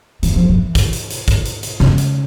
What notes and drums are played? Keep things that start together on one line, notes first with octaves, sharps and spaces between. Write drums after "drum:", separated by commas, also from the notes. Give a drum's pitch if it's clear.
E3, drum: hi-hat
F3
E3
drum: kick, hi-hat
drum: hi-hat
drum: hi-hat
drum: kick, hi-hat
drum: hi-hat
drum: hi-hat
C#3, drum: snare
drum: hi-hat